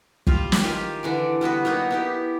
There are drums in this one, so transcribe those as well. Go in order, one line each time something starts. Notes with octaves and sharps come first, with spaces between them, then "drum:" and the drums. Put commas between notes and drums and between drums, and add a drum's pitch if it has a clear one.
G3 F4, drum: kick
drum: snare
D#3 F4 G4 G#5
D3 E3 D5
G3 B3 F#4 B4
F#3 A#3 B3 D#4
B3 E4 G4